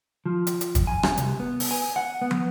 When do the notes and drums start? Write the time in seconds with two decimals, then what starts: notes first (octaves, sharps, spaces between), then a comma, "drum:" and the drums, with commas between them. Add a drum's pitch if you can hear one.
0.26 F3
0.47 drum: hi-hat
0.61 drum: hi-hat
0.75 drum: kick, hi-hat
0.87 G#5
1.03 drum: rim click
1.17 C2, drum: hi-hat
1.40 B3
1.60 drum: open hi-hat
1.71 G#5
1.96 F#5
2.21 B3
2.31 drum: tom